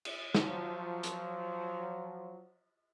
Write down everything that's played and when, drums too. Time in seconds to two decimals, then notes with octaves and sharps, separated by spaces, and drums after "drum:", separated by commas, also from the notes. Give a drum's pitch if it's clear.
0.05 drum: cymbal
0.35 F3 F#3, drum: snare
1.03 drum: hi-hat